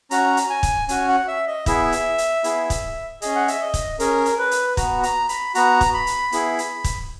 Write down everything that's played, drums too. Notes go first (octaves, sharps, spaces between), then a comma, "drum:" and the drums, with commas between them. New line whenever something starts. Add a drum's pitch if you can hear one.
C#4 F#4 A#5, drum: hi-hat
drum: hi-hat
G#5
drum: kick, hi-hat
C#4 F#4 G#5, drum: hi-hat
F#5
E5
D#5
B3 E4 G#4 E5, drum: kick, hi-hat
drum: hi-hat
drum: hi-hat
B3 E4 G#4, drum: hi-hat
drum: kick, hi-hat
C#4 G#4 D#5, drum: hi-hat
F#5
E5, drum: hi-hat
D#5
drum: kick, hi-hat
C#4 G#4 A#4, drum: hi-hat
drum: hi-hat
B4
drum: hi-hat
B3 F#4 A#5, drum: kick, hi-hat
A#5, drum: hi-hat
B5, drum: hi-hat
B3 F#4 A#5, drum: hi-hat
drum: kick, hi-hat
B5
drum: hi-hat
B3 E4 G#4, drum: hi-hat
drum: hi-hat
drum: kick, hi-hat